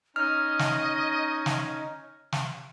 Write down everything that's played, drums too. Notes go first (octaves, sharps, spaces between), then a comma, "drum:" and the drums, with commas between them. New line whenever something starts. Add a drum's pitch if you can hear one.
C#4 D#4 D#5 F6
drum: snare
drum: snare
drum: snare